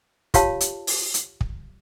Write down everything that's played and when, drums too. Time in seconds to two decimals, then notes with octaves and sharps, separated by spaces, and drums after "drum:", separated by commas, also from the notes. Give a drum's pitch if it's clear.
0.34 F4 G4 C#5 F5 A5, drum: kick, hi-hat
0.61 drum: hi-hat
0.87 drum: open hi-hat
1.14 drum: hi-hat
1.41 drum: kick